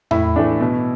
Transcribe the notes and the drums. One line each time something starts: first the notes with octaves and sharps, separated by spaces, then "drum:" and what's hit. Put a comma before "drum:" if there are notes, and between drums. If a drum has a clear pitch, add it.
A2 E4, drum: tom E2
E3 A3 D4
B2